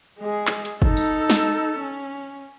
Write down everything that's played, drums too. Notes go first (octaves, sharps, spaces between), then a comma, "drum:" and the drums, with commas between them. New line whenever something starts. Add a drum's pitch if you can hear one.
G#3 G#4
drum: clap
drum: hi-hat
D#4 A4, drum: kick
drum: tambourine
drum: snare
C#4